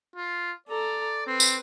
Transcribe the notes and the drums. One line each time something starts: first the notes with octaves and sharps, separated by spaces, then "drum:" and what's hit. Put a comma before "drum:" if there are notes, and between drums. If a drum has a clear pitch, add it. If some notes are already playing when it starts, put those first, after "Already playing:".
F4
A4 D5 A#5
C4 B4
drum: tambourine